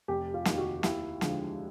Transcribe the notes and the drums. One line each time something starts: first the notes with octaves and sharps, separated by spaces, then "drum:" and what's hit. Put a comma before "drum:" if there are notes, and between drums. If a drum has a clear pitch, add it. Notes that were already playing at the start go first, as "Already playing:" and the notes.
F1 G4
F4
D#2 D#3, drum: snare
F#4
D#2 E4, drum: snare
D3 F3 G#3, drum: snare